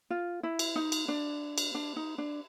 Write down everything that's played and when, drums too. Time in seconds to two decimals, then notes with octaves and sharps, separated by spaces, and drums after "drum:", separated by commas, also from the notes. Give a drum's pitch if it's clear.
0.10 F4
0.43 E4
0.59 drum: cymbal
0.76 D#4
0.92 drum: cymbal
1.08 D4
1.58 drum: cymbal
1.75 D4
1.96 D#4
2.18 D4